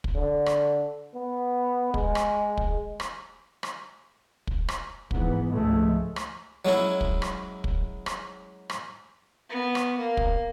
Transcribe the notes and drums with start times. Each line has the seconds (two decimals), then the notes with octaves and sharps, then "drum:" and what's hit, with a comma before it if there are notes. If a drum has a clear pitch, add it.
0.04 drum: kick
0.16 D3
0.46 drum: rim click
1.15 B3
1.94 G#3, drum: kick
2.15 drum: rim click
2.57 drum: kick
3.00 drum: rim click
3.63 drum: rim click
4.47 drum: kick
4.69 drum: rim click
5.11 G#2 E3 B3, drum: kick
5.49 C#2 G#2 F3 G#3 A3
6.16 drum: rim click
6.65 F#3 G#3 C#4 E4
7.01 drum: kick
7.22 drum: rim click
7.64 drum: kick
8.06 drum: rim click
8.70 drum: rim click
9.50 B3
9.75 drum: rim click
9.97 A#3
10.17 drum: kick